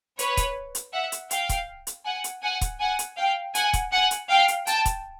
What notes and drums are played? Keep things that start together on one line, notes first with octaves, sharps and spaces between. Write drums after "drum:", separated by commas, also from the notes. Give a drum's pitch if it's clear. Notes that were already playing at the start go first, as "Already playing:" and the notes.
B4 C#5, drum: hi-hat
drum: kick, hi-hat
drum: hi-hat
E5 F#5
drum: hi-hat
F5 G5, drum: hi-hat
drum: kick, hi-hat
drum: hi-hat
F#5 G#5
drum: hi-hat
F#5 G#5
drum: kick, hi-hat
F#5 G#5
drum: hi-hat
F5 G5
F#5 G#5, drum: hi-hat
drum: kick, hi-hat
F#5 G#5
drum: hi-hat
F5 G5
drum: hi-hat
G5 A5, drum: hi-hat
drum: kick, hi-hat